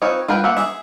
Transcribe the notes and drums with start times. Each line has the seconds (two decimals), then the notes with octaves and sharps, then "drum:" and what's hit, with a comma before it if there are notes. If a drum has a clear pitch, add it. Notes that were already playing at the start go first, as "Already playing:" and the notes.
0.02 C4 D#4 F4 B4 C#5
0.28 F4 A#4 B4 G5, drum: tom G3
0.44 A#3 E5 F#5
0.57 G#4 E5, drum: snare